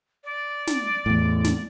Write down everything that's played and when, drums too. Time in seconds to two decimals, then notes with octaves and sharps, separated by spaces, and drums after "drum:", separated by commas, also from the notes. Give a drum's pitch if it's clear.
0.24 D5
0.67 drum: snare
1.06 E2 A2
1.44 drum: snare